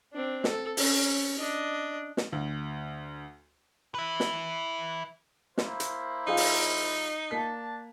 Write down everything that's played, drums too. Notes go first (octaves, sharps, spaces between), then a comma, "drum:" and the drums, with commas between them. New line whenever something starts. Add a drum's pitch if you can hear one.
C4 D4
A4, drum: snare
C#4, drum: open hi-hat
D4 D#5
drum: snare
D2
B4 E5
drum: snare
A#3 E4 C5, drum: snare
drum: hi-hat
F3 D#4 G#4 F5
drum: open hi-hat
A#3 D4 A5 B6